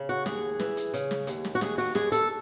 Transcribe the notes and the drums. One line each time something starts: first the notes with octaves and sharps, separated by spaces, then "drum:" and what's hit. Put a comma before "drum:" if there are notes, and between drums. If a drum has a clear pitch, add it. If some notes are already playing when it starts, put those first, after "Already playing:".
Already playing: C#3
F#4
D#2 G#4, drum: snare
E3, drum: snare
drum: hi-hat
C#3, drum: hi-hat
drum: snare
D#2, drum: hi-hat
drum: snare
F#4
D#2 G#4, drum: snare
F#4, drum: open hi-hat
D#2 G#4, drum: snare
A4, drum: hi-hat